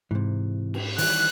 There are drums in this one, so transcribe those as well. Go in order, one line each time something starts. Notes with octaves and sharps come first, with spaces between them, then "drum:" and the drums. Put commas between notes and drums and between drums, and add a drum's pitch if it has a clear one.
G#2 C3 E3
drum: cymbal
D#3 E3 G3 F#6, drum: open hi-hat